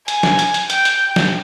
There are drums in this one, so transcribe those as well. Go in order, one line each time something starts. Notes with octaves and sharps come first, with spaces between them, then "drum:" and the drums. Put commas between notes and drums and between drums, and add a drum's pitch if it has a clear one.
G#5, drum: hi-hat
drum: snare
drum: hi-hat
drum: hi-hat
G5, drum: hi-hat
drum: hi-hat
drum: snare